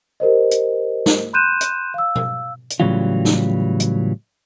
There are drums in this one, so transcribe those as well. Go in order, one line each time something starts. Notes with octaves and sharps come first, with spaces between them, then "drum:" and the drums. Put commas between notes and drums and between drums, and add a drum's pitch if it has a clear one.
G4 A#4 C5 D#5
drum: hi-hat
drum: snare
B5 C6 F#6 G6 D#7 E7
drum: hi-hat
F5 E6
drum: tom B2
drum: hi-hat
A2 C#3 E3 F#3 G3 F4
drum: snare
drum: hi-hat